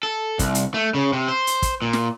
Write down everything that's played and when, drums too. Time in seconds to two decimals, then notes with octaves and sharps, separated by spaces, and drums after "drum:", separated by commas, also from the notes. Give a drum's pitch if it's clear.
0.03 A4
0.39 C2, drum: kick, hi-hat
0.55 drum: hi-hat
0.74 A3
0.94 C#3
1.13 C3
1.28 C5
1.47 drum: hi-hat
1.62 drum: kick, hi-hat
1.82 A#2
1.93 drum: snare